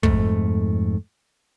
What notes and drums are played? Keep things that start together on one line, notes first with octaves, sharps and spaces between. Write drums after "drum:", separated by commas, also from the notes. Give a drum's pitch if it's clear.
F2 G#2 A3, drum: kick